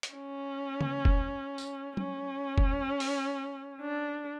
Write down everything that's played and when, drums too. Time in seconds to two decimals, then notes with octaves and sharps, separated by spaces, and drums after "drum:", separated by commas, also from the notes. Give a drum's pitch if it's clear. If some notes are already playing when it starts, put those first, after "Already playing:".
0.03 drum: hi-hat
0.13 C#4
0.81 drum: tom C#3
1.05 drum: kick F1
1.58 drum: tambourine
1.97 C#4, drum: tom F#3
2.58 drum: kick F1
3.00 drum: open hi-hat
3.81 D4